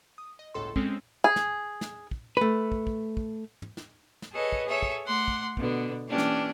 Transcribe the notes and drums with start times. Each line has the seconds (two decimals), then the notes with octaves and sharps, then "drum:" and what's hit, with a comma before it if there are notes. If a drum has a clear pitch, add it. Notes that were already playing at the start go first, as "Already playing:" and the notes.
0.18 D#6
0.39 D#5
0.54 G1 C#2 A2 A4 C6
0.76 G#3 C4 C#4 A4, drum: kick
1.24 G#4
1.36 drum: snare
1.81 drum: snare
2.11 drum: kick
2.37 A3 B4
2.72 drum: kick
2.87 drum: kick
3.17 drum: kick
3.62 drum: tom
3.77 drum: snare
4.22 drum: snare
4.33 G#4 A4 B4 C#5 D#5
4.52 drum: kick
4.67 G#4 A4 C#5 E5
4.83 drum: kick
5.06 A3 F#5 C6 D6
5.28 drum: kick
5.57 B2 D3 B3, drum: kick
6.09 E3 A#3 C#4 D4 G4
6.18 drum: snare